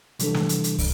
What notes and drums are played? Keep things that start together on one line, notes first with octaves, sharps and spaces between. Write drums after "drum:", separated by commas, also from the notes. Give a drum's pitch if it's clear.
C3 E3 G3 D4 A4, drum: hi-hat
drum: snare
drum: hi-hat
drum: hi-hat
drum: kick, open hi-hat